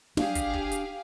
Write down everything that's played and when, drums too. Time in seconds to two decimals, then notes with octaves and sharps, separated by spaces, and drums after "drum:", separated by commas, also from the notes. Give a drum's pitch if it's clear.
0.17 D4 G4 G#4 F5, drum: snare
0.35 drum: kick, hi-hat
0.53 drum: kick
0.72 drum: hi-hat